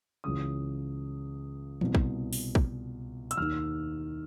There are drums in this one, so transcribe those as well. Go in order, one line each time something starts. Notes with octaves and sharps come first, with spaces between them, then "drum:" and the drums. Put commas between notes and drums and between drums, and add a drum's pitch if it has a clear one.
C#2 C#3 E3 D#6
C2 B2, drum: tom E3
drum: kick
drum: open hi-hat
drum: kick
E6, drum: hi-hat
D#2 D#3 F6